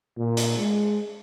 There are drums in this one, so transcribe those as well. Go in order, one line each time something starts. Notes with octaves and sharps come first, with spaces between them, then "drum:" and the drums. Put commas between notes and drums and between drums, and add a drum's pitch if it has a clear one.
A#2
drum: hi-hat
G#3